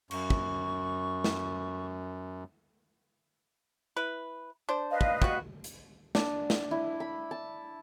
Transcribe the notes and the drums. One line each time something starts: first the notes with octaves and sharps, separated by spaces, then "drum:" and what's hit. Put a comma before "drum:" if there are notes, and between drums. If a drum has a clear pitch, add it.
F#2 C#6, drum: cymbal
drum: kick
drum: snare
E4 B4
D4 C5
B4 D#5 F5
drum: kick
G3 B3 F#4, drum: kick
drum: hi-hat
D4, drum: snare
drum: snare
E4
B5
A5